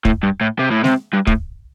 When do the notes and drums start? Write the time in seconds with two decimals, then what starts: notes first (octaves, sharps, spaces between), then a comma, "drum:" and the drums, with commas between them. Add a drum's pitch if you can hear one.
0.05 A2, drum: kick
0.23 G2
0.41 A2
0.59 C3
0.71 A2
0.84 C3, drum: snare
1.14 G2
1.27 A2, drum: kick